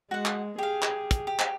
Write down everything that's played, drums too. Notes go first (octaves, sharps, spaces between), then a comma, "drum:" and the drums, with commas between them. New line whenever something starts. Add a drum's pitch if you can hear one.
G#3 F#4 F#5
drum: clap
G4 G#4 F5
drum: clap
drum: kick, hi-hat
G4
drum: clap